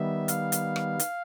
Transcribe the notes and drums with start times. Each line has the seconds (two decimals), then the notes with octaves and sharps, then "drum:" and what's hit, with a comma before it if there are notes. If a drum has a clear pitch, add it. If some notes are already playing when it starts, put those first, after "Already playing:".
Already playing: D#3 G3 B3 E5
0.28 F5, drum: hi-hat
0.52 drum: hi-hat
0.76 drum: rim click
0.99 drum: hi-hat